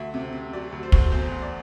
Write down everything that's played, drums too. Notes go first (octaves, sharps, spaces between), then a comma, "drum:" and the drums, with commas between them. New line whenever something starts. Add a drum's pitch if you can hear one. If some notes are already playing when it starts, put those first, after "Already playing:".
Already playing: D2 E5
C3
C3
F#3 D5
D2
C5
D2, drum: kick
E2 C5
E2
D5